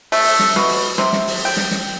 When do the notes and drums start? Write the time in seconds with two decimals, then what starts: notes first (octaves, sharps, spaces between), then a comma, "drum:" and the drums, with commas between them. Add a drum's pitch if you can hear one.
0.12 A3, drum: open hi-hat
0.25 drum: open hi-hat
0.39 drum: snare
0.56 B2, drum: snare
0.69 drum: open hi-hat
0.98 C3, drum: snare
1.13 drum: snare
1.27 drum: open hi-hat
1.45 G5, drum: open hi-hat
1.57 drum: snare
1.71 drum: snare